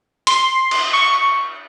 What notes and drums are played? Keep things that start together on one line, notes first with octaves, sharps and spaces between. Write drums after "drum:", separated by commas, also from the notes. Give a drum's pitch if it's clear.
C6, drum: hi-hat
drum: cymbal
C#6